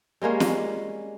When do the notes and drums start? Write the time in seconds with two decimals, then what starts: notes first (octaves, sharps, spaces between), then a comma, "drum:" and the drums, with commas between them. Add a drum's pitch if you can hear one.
0.22 G3 G#3 A#3 C#4
0.40 drum: snare